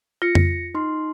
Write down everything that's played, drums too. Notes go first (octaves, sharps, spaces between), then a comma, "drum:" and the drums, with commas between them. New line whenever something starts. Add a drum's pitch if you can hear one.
F4 A#6 C#7
drum: tom F2
D#4 C6